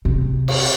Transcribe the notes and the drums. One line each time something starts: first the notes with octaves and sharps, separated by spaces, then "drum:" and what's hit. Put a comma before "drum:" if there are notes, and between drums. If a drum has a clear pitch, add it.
C3
drum: cymbal